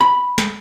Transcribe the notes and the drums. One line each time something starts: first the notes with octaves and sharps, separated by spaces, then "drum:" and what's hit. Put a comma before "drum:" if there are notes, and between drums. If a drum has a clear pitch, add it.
B5
drum: snare